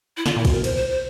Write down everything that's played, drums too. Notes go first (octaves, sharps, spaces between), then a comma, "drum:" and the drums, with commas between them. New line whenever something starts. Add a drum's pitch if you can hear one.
E4
D3 F4, drum: snare
A#2 E4
B2, drum: kick, cymbal
A#4
C5, drum: cymbal
C5
C5